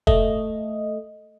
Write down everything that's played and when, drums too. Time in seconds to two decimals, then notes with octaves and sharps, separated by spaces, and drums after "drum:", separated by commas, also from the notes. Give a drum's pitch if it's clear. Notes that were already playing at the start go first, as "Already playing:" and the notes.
0.07 A3 D#5, drum: kick